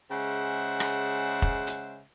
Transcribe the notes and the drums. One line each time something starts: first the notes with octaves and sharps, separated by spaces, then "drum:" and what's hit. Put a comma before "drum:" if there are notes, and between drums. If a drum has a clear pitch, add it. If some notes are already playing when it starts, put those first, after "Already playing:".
C#3 G#3 C5 E5 F#5
drum: rim click
drum: kick F1
drum: hi-hat